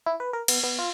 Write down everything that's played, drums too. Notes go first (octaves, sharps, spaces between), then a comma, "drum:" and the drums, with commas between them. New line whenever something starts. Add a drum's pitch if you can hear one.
E4
B4
A#4
B3, drum: cymbal
B3
F4